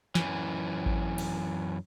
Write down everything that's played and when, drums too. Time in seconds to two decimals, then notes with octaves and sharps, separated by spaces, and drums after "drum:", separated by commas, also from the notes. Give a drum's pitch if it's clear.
0.15 F#2 E3, drum: snare
0.86 drum: kick G#1
1.18 drum: cymbal